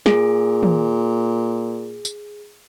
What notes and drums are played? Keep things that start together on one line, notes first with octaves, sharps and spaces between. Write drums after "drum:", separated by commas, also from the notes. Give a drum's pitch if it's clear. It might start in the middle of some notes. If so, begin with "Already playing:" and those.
A#2 G#4, drum: snare
drum: tom
drum: tambourine